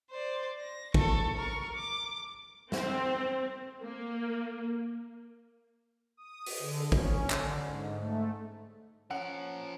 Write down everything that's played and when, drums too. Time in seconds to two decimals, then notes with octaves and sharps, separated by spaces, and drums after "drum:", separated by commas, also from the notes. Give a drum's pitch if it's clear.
0.11 C5 D5
0.60 A#6
0.94 A4 C#6, drum: kick
1.37 A#4 C#6
1.76 D6
2.72 C4, drum: snare
3.83 A#3
6.17 D#6
6.46 drum: open hi-hat
6.59 D3
6.92 C#4, drum: kick
7.30 D3, drum: clap
7.64 G#2
7.97 A3
9.11 F3 C#4 A#4 F#5